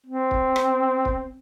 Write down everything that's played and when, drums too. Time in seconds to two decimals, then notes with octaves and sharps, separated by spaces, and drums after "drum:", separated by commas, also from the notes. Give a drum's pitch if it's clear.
0.06 C4
0.31 drum: kick
0.56 drum: rim click
1.05 drum: kick